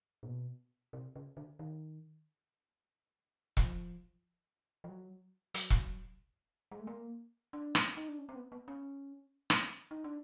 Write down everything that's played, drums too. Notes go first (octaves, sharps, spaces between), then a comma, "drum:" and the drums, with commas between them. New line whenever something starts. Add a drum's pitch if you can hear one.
A#2
B2
C3
C#3
D3
D#3
F3, drum: kick E1
F3
F#3
F#3, drum: hi-hat
drum: kick E1
G#3
A3
A#3
D4
drum: rim click
D#4
D4
C#4
C4
B3
B3
C#4
drum: rim click
D#4
D4